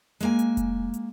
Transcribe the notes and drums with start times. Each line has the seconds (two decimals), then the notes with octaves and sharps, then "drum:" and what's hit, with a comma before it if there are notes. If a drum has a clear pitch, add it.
0.20 G#3 A#3 G#5, drum: hi-hat
0.39 drum: hi-hat
0.57 drum: kick F1, hi-hat
0.94 drum: hi-hat